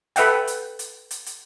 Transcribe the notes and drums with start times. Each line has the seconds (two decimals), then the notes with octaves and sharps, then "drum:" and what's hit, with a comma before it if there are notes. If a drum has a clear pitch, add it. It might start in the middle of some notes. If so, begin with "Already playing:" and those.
0.16 A4 B4 E5 F#5 G5, drum: hi-hat
0.47 drum: hi-hat
0.79 drum: hi-hat
1.11 drum: hi-hat
1.26 drum: hi-hat